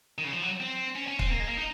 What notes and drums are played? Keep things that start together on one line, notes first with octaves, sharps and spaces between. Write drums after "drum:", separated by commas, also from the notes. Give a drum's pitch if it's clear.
D#3
C#3
F3
F#3
C4
C#4
C#4
C4, drum: kick
A#3
G#3
A#3
D#4